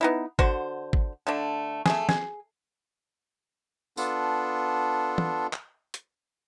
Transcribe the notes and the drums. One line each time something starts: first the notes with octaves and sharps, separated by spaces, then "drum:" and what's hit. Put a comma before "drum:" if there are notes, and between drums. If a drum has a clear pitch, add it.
B3 D#4 E4
D3 F#4 C5, drum: kick
drum: kick
D3 A3 D4
A3 G#4, drum: snare
G#4, drum: snare
B3 D4 F4 A4, drum: tambourine
drum: tom
drum: clap
drum: hi-hat